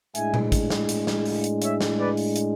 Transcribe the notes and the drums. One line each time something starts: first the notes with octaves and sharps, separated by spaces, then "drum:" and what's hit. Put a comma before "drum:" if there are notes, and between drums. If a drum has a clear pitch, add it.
A2 G#3 D4 E5 G#5, drum: hi-hat
drum: tom A#2
drum: kick, hi-hat
drum: snare
drum: hi-hat
drum: snare
drum: open hi-hat
drum: hi-hat
C#5 E5, drum: hi-hat
drum: snare
B4 D5
drum: open hi-hat
drum: hi-hat